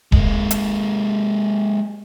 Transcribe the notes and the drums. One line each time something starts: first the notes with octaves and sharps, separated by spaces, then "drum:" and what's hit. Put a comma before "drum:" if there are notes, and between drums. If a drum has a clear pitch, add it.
G#3 A#3, drum: kick D#1
drum: hi-hat